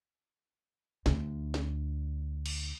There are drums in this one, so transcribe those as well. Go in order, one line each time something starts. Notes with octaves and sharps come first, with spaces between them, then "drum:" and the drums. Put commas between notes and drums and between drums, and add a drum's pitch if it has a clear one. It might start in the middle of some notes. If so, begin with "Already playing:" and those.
D2 D3, drum: snare
drum: snare
drum: cymbal